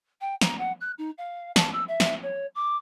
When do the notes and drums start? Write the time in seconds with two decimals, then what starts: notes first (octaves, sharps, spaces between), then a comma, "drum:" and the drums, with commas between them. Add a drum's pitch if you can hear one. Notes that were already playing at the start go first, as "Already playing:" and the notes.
0.21 G5
0.41 A#5, drum: snare
0.59 F#5
0.81 F#6
0.98 D#4
1.18 F5
1.56 A5, drum: snare
1.73 E6
1.88 E5
2.00 drum: snare
2.22 C#5
2.55 D6